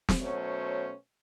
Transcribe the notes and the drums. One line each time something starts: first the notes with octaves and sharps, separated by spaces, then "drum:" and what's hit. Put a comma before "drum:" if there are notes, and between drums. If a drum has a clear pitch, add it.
drum: snare
B2 F#3 A3 C#4 C5 C#5